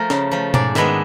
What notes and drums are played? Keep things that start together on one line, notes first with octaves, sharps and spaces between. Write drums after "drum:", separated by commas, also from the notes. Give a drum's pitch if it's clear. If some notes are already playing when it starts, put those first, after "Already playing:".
Already playing: F3 A3 A#4
C#3, drum: snare
F3 A3
G#2 D5, drum: tom B2
D#3 G#3 B3 D4 E5, drum: snare